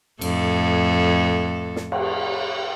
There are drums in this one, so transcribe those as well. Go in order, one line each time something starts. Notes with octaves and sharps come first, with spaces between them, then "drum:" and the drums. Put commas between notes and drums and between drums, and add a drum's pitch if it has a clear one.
F2 A2 A4, drum: cymbal
drum: snare
drum: cymbal